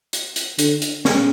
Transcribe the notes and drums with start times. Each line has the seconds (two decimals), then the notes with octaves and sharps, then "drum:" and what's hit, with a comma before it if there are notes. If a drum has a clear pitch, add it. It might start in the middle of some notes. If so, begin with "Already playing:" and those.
0.13 drum: hi-hat
0.36 drum: hi-hat
0.59 D3, drum: hi-hat
0.82 drum: hi-hat
1.05 C#3, drum: snare